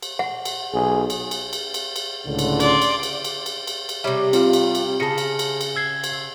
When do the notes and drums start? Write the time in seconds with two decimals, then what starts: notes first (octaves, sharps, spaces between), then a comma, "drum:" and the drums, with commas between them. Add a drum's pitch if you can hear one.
0.02 drum: cymbal
0.19 F#5
0.45 drum: cymbal
0.73 B1 G#4
1.10 drum: cymbal
1.31 drum: cymbal
1.53 drum: cymbal
1.74 drum: cymbal
1.96 drum: cymbal
2.26 C#2 A2 D3
2.39 drum: cymbal
2.60 D5 C6, drum: cymbal
2.82 drum: cymbal
3.03 drum: cymbal
3.25 drum: cymbal
3.46 drum: cymbal
3.67 drum: cymbal
3.89 drum: cymbal
4.04 C3 G3 C#5 E5
4.33 C4 F4 F5, drum: cymbal
4.53 drum: cymbal
4.75 drum: cymbal
5.00 C#3 G#4 A5 A#6 C#7
5.18 drum: cymbal
5.39 drum: cymbal
5.61 drum: cymbal
5.76 E6 G#6 C7
6.04 drum: cymbal